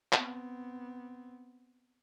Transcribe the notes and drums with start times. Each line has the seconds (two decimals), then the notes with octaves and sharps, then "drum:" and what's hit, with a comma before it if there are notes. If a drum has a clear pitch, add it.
0.13 B3 C4, drum: clap